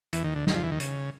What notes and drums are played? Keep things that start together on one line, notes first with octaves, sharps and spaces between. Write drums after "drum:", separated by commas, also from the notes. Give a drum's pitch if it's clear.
E2 E3, drum: hi-hat
D#2 D#3
D2 D3
D#2 D#3, drum: snare
F2 F3
E2 E3
D#2 D#3
C#3, drum: hi-hat